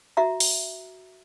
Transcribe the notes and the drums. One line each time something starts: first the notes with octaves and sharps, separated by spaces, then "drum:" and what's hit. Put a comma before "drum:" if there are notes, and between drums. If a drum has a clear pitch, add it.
F#4 E5 A#5
drum: open hi-hat